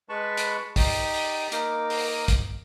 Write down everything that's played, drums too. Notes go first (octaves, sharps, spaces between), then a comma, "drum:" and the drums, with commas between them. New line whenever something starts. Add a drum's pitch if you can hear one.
G#3 B4 A5 B5 C#6
drum: hi-hat
D#4 G4 D5, drum: kick, open hi-hat
drum: open hi-hat
A#3 D#4 A#4 D6, drum: hi-hat
drum: open hi-hat
drum: kick, hi-hat